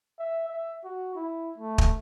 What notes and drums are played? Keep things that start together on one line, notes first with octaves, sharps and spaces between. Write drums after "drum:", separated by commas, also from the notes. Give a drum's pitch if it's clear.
E5
E5
F#4
E4
A3
drum: kick